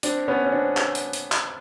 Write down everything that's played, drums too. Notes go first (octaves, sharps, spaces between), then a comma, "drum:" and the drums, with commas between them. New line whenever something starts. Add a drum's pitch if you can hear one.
C4 D4, drum: hi-hat
B3 C#4
C#4
C4 D4
drum: clap
drum: hi-hat
drum: hi-hat
drum: clap